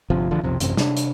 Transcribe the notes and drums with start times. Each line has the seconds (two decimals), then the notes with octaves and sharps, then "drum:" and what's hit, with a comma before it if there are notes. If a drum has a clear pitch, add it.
0.10 G1 C3 F3
0.31 A1 D3 F3
0.43 B1 F2 C3
0.60 A1 F#2 C3, drum: hi-hat
0.77 C3 D4, drum: snare
0.97 drum: hi-hat